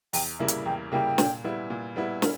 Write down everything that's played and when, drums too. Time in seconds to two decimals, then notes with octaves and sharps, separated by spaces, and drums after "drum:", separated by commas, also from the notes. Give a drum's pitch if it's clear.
0.13 E2 G5, drum: open hi-hat
0.39 C#3 G3 A#3 E4 E5
0.48 drum: hi-hat
0.66 E2 G5
0.92 C#3 G3 A#3 E4 G5
1.18 A#2, drum: snare
1.44 G3 B3 E4
1.70 A#2
1.96 G3 B3 E4
2.22 A#4, drum: snare